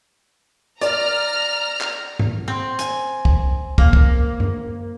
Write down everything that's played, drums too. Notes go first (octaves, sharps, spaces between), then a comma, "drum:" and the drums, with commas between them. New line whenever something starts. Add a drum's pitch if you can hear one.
D5 A#5 F6, drum: hi-hat
drum: clap
drum: tom G#2
C4
G#5, drum: hi-hat
drum: kick
A#3, drum: kick
drum: kick
drum: tom F#2